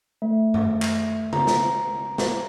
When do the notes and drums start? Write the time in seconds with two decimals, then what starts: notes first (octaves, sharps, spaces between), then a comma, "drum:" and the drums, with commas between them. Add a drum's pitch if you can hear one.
0.22 A3
0.54 drum: tom F#2
0.82 drum: clap
1.33 A#5, drum: tom
1.47 drum: snare
2.18 drum: snare